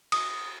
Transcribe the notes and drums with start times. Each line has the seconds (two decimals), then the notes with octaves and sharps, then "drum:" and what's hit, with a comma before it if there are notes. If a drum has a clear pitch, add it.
0.12 D#6, drum: cymbal